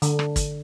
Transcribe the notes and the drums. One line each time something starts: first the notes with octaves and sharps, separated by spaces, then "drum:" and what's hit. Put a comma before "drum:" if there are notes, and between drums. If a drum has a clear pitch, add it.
D3, drum: hi-hat
drum: rim click
drum: kick, hi-hat